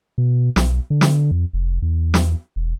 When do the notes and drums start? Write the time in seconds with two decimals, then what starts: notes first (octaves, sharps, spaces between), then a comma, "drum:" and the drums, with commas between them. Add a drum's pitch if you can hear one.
0.18 B2
0.56 B1, drum: snare
0.90 D3
1.01 drum: snare
1.31 F2
1.53 F1
1.82 E2
2.14 drum: snare
2.56 E1